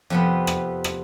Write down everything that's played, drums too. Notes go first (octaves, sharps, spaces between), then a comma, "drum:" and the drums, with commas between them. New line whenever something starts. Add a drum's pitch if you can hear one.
F2 C3 B3
drum: rim click
drum: rim click